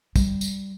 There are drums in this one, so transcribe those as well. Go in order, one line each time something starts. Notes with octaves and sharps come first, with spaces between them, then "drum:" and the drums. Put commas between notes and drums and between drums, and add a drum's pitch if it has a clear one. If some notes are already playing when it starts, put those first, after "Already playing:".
G3, drum: kick, tambourine
drum: tambourine